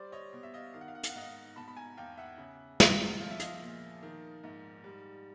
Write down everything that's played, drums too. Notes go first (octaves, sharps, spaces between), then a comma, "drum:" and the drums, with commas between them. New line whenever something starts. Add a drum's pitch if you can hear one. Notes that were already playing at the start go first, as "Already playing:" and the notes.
Already playing: G3 C5 D5
C#5 D#5
B2
E5
D#5 F5
D#3 F5
F#5
F5
F#5
F5, drum: hi-hat
F#5
G#2 D#5 F5
B2 A5 B5
B5
G#5 A#5
E2 F5 G5
E5 F#5
C#3
E2, drum: snare
F3 F5
E5
D#5 F5, drum: hi-hat
A#2
D#3
G#2
G3